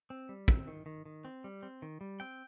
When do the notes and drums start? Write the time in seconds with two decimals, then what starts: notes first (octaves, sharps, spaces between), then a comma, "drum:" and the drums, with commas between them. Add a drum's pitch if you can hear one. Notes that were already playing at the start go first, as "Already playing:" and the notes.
0.10 C4
0.29 G3
0.48 C4, drum: kick
0.67 D#3
0.86 D#3
1.05 D#3
1.25 C4
1.44 G3
1.63 C4
1.82 D#3
2.01 G3
2.20 C4 G5